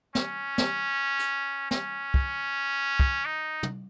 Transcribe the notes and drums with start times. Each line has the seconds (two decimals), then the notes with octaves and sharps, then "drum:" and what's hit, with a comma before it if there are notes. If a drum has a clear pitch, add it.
0.15 C#4, drum: snare
0.58 drum: snare
1.19 drum: hi-hat
1.71 C#4, drum: snare
2.14 drum: kick
3.00 drum: kick
3.25 D#4
3.63 drum: tom